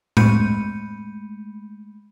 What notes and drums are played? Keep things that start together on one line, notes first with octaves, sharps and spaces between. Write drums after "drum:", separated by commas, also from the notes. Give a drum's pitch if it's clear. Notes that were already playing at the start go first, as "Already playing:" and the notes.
G#3 A3 B5 G6 C#7 D#7, drum: tom A2